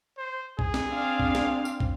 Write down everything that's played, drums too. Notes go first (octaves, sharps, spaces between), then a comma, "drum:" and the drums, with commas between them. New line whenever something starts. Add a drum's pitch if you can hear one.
C5
G#4, drum: kick
drum: snare
C4 D4 F5
drum: kick
drum: snare
drum: tambourine
drum: kick